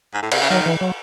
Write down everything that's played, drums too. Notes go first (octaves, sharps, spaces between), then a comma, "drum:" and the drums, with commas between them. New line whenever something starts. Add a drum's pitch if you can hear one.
G#2
A2
C3, drum: cymbal
C#3
D#3 F#3
E3
F#3